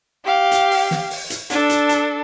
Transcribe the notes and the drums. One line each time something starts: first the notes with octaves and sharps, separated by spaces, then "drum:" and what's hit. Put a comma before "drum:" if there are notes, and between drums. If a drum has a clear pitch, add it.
G4 F5
drum: hi-hat
drum: open hi-hat
drum: snare
drum: open hi-hat
drum: hi-hat
D4 A4, drum: hi-hat
drum: hi-hat
drum: hi-hat